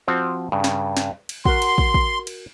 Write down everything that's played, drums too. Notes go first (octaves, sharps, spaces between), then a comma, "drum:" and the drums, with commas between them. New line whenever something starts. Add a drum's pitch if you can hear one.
F3 C4 F#4
G2 C#3
drum: snare
drum: snare
drum: cymbal
F#4 A#4 C6, drum: kick
drum: cymbal
drum: kick
drum: kick
drum: cymbal